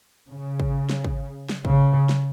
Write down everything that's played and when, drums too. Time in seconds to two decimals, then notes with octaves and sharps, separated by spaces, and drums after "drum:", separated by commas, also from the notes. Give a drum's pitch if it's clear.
0.29 C#3
0.60 drum: kick
0.89 drum: snare
1.04 drum: kick
1.49 drum: snare
1.65 C#3, drum: kick
2.09 drum: snare